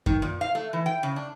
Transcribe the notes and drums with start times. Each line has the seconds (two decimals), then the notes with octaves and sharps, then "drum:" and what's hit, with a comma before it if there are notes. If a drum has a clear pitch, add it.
0.06 D#3, drum: kick F#2
0.22 A#2
0.41 F5
0.55 A3
0.73 E3
0.86 G5
1.03 C#3
1.16 D4